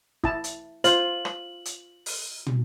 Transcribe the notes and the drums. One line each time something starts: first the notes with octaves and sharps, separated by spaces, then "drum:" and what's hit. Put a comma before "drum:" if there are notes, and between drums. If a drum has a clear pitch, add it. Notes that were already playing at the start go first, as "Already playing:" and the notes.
E4 A5, drum: kick
drum: hi-hat
F4 C5 F#7, drum: hi-hat
drum: rim click
drum: hi-hat
drum: open hi-hat
drum: tom